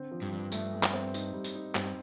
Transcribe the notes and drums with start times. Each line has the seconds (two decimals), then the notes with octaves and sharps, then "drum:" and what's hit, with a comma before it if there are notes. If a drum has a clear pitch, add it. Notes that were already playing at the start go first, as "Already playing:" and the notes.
Already playing: D3 C4
0.12 F3
0.22 G2
0.32 F3
0.52 A3, drum: tambourine
0.73 A3
0.83 drum: clap
0.93 C4
1.14 D#4, drum: tambourine
1.34 G3
1.44 drum: tambourine
1.55 D#4
1.75 G2 C4, drum: clap